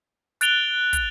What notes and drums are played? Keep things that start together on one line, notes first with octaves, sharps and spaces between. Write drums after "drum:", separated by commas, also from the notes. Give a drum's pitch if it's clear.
F#6 A6 D7 F7 G7, drum: hi-hat
drum: kick, hi-hat